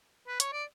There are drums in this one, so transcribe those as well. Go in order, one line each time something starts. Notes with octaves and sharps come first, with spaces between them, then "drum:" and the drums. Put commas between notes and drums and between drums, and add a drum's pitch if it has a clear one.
B4
C#5, drum: hi-hat
D5